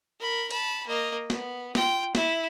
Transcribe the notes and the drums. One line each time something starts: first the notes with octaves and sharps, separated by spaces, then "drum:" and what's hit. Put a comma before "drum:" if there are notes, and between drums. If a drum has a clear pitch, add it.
A#4 B5
A5 B5, drum: cymbal
A#3 D#5
B3, drum: snare
F4 G5, drum: snare
E4 E5, drum: snare